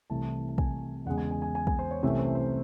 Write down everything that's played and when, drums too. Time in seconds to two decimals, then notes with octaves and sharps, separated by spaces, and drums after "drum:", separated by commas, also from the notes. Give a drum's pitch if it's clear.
0.10 C2 C3 E3 A3 A5
0.49 A5
0.58 G#5, drum: kick
1.06 E2 C#3 G#3 F#5
1.18 G#5
1.31 G#5
1.42 G#5
1.55 G#5
1.67 G#5, drum: kick
1.79 C5
1.91 C#5
2.03 C2 C3 E3 A3 C#4 C5
2.18 C5
2.35 C5